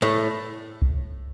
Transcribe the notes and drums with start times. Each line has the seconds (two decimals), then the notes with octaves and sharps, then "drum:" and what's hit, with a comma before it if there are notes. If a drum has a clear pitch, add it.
0.02 A2 A3
0.82 drum: kick C2